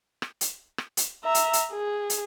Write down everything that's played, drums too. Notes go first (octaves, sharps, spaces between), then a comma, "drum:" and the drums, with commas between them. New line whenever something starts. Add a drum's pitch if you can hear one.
drum: rim click
drum: hi-hat
drum: rim click
drum: hi-hat
E5 A#5
drum: hi-hat
drum: hi-hat
G#4
drum: hi-hat